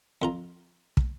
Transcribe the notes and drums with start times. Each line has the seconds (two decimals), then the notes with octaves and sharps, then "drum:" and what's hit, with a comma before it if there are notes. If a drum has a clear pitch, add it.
0.22 F2 F4 A#5
0.97 drum: kick